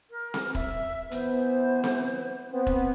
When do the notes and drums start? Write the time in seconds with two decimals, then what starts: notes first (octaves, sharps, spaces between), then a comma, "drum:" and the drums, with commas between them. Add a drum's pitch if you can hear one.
0.11 A#4
0.34 drum: snare C4
0.55 E5, drum: kick E1
1.11 E3 B3 C5, drum: hi-hat
1.84 drum: snare C4
2.52 B3 C4
2.67 drum: kick E1